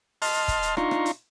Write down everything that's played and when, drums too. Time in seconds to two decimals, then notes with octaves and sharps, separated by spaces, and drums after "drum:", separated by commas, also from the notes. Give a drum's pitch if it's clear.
0.22 D#5 A5 C6 F6, drum: open hi-hat
0.34 drum: hi-hat
0.48 drum: kick, hi-hat
0.63 drum: hi-hat
0.77 D4 D#4 F4 A#5 C6 C#6, drum: rim click
0.91 drum: rim click
1.06 drum: hi-hat